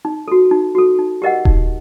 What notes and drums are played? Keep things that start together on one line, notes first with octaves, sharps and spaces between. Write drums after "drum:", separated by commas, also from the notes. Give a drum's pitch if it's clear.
D#4
F#4 A4
D#4
F#4 A4
D#4
G4 A#4 D#5 F#5
D#4, drum: kick D#1